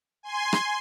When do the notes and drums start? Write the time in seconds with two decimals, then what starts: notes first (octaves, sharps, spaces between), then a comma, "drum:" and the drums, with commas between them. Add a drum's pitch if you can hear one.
0.23 G#5 C6
0.53 drum: rim click